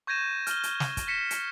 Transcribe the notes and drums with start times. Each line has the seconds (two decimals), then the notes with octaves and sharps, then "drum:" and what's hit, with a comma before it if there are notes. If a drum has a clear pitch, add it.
0.07 C#6 G6 G#6 A#6 D#7 E7
0.47 F6 G7, drum: hi-hat
0.63 drum: hi-hat
0.80 drum: snare
0.97 drum: kick, hi-hat
1.07 A#6 B6 C#7 E7
1.31 drum: hi-hat